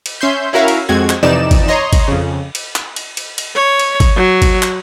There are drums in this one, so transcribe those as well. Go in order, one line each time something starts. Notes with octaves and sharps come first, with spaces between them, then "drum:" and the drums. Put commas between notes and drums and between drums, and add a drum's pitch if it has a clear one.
drum: cymbal
C#4 E5 C6 G6
C#4 E4 F#4 A#4 E5 F5
drum: cymbal
F2 G#3 C4 F#4 G#6
drum: clap
F2 C3 E3 D#4 D5 E7
drum: kick, cymbal
C#5 D#5 A#5 C6
drum: kick, cymbal
F2 C#3
drum: cymbal
drum: clap
drum: cymbal
drum: cymbal
drum: cymbal
C#5
drum: cymbal
drum: kick, cymbal
F#3
drum: kick, cymbal
drum: clap